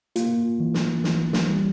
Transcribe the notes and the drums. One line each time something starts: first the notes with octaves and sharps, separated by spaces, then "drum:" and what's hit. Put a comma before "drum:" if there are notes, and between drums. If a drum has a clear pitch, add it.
A#3 F4, drum: hi-hat
E3
drum: snare
E3, drum: snare
drum: snare
G3